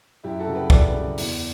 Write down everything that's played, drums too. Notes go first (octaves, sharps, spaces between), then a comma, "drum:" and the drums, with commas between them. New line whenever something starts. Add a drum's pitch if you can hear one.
F#2 E4 G4
F#4 A4
C#3 G3
G4 B4
F#2 B4 D5, drum: kick
C#3 G3
E2, drum: open hi-hat